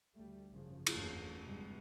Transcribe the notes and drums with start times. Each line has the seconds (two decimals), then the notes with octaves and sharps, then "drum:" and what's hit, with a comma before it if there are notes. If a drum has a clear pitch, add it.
0.14 D2 G3 A3
0.50 G#1 F#2 C#3 F3
0.87 F#1 E2 G2 A3 A#3 C#4, drum: cymbal
1.43 F1 D2 G2 C3 G3 G#3